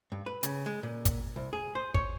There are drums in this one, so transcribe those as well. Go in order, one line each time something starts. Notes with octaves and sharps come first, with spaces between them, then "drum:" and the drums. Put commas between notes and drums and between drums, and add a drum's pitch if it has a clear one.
G2
B4
C#3, drum: hi-hat
G#3
A#2
drum: kick, hi-hat
C2
G#4
C5
C#5, drum: kick